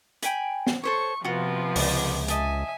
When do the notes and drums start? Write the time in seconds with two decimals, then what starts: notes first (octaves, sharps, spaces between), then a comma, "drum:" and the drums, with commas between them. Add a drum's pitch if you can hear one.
0.23 G5 G#5 B5, drum: hi-hat
0.67 drum: snare
0.84 A4 C5 C#5 C#6
1.25 C3 F3 B3 F4 F#4
1.76 C#2 D5, drum: open hi-hat
2.28 D#5 E5 G#5 A5, drum: hi-hat